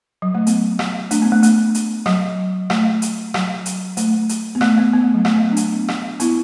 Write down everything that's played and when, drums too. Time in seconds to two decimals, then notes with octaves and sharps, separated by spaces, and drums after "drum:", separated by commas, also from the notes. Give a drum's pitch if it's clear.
0.22 F#3
0.35 A3
0.47 B3, drum: hi-hat
0.79 drum: rim click
1.11 A3 D4, drum: hi-hat
1.22 B3
1.32 A3
1.43 A3, drum: hi-hat
1.75 drum: hi-hat
2.06 F#3, drum: rim click
2.70 A3, drum: rim click
3.02 drum: hi-hat
3.34 F#3, drum: rim click
3.66 drum: hi-hat
3.97 A3, drum: hi-hat
4.29 drum: hi-hat
4.55 B3
4.61 A3, drum: rim click
4.78 B3
4.93 B3
5.04 A3
5.14 F#3
5.25 A3, drum: rim click
5.36 B3
5.46 A3
5.52 D4
5.57 B3, drum: hi-hat
5.88 drum: rim click
6.20 B3 E4, drum: hi-hat